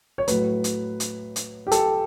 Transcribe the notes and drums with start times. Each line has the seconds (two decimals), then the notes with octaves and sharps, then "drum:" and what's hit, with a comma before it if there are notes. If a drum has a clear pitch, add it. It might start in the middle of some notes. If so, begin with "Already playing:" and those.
0.18 C#5
0.28 A2 F#3 A3 B4, drum: hi-hat
0.64 drum: hi-hat
1.00 drum: hi-hat
1.36 drum: hi-hat
1.67 G4
1.71 A4, drum: hi-hat